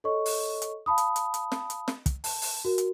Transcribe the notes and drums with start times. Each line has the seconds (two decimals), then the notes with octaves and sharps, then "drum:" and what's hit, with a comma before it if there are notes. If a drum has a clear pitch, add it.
0.04 A4 C#5 D#5 C#6
0.26 drum: open hi-hat
0.62 drum: hi-hat
0.86 F5 A5 B5 D#6
0.98 drum: hi-hat
1.16 drum: hi-hat
1.34 drum: hi-hat
1.52 drum: snare
1.70 drum: hi-hat
1.88 drum: snare
2.06 drum: kick, hi-hat
2.24 A5, drum: open hi-hat
2.42 drum: open hi-hat
2.65 F#4 A#4
2.78 drum: hi-hat